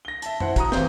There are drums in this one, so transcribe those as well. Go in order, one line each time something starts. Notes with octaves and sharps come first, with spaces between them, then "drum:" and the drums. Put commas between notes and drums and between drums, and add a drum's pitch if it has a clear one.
A#6 G7
E5 A5, drum: hi-hat
E4 C5 F#5, drum: tom F#2
F#4 A#5 D#6, drum: kick, hi-hat
E2 E3 C4 F5 G6, drum: snare